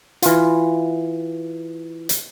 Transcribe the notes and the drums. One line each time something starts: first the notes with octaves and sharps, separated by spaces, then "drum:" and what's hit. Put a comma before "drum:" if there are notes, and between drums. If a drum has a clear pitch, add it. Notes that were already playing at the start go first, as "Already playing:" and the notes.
E3 F4, drum: hi-hat
drum: hi-hat